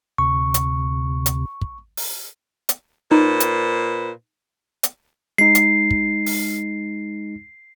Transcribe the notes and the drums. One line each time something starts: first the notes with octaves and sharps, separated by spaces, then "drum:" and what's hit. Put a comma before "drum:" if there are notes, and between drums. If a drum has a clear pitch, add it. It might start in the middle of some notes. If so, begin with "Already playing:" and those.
D2 C3 C#6
drum: hi-hat
drum: hi-hat
drum: kick
drum: open hi-hat
drum: hi-hat
A#2 D#4 B4 C5
drum: hi-hat
drum: hi-hat
G#3 D#4 C7
drum: hi-hat
drum: kick
drum: open hi-hat